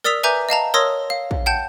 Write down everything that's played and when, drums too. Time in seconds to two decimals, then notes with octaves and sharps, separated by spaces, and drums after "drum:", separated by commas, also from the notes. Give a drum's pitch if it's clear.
0.04 A#4 D5 D#6 E6 B6 F7
0.23 B4 E5 G#5 A#5 D6 G6
0.49 D#5 F5 A5 A#5
0.74 A#4 C#5 C6 D#6 E6 A#6
1.10 F5
1.31 drum: kick
1.46 F#5 G5 A5 G6